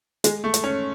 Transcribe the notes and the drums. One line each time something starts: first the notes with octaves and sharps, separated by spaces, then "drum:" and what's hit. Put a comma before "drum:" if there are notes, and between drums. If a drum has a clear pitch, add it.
G#3, drum: hi-hat
A3
drum: hi-hat
C#4